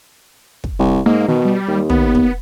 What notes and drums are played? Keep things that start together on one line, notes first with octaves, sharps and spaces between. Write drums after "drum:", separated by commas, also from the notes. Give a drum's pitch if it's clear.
drum: kick
C2
G#2 A#3
B2 D#3
G3
D#2
B3, drum: tom
drum: kick